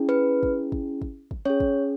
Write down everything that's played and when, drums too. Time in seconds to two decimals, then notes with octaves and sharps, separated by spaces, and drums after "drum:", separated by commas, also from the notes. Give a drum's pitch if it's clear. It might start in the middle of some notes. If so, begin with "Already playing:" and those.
Already playing: C#4 E4 G#4
0.09 B4
0.43 drum: kick
0.72 drum: kick
1.02 drum: kick
1.31 drum: kick
1.45 C#4 G#4 C#5
1.60 drum: kick